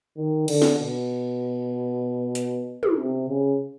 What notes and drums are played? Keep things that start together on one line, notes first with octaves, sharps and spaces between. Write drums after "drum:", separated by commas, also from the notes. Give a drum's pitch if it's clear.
D#3
D3, drum: cymbal
drum: snare
B2
drum: hi-hat
drum: tom
C3
C#3